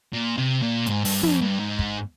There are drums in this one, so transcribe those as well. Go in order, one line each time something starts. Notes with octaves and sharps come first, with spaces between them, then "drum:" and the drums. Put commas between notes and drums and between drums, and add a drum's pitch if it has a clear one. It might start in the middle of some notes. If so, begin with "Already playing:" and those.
A#2
C3
A#2
G#2, drum: hi-hat
G2, drum: open hi-hat
F2, drum: tom
G2
G#2
drum: kick